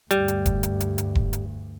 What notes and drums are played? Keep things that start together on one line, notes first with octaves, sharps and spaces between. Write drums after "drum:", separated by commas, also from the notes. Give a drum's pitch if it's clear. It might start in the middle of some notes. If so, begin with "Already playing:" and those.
D2 G2 G3, drum: hi-hat
drum: hi-hat
drum: kick E1, hi-hat
drum: hi-hat
drum: hi-hat
drum: hi-hat
drum: kick E1
drum: hi-hat